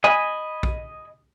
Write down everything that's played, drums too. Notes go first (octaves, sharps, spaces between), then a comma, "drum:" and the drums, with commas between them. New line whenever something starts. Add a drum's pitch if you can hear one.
D#5 G#5 B5
drum: kick A#1